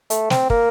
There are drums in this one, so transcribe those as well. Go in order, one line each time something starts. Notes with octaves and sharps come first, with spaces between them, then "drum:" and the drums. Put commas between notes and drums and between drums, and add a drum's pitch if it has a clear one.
A3, drum: hi-hat
C4, drum: snare
A#3, drum: kick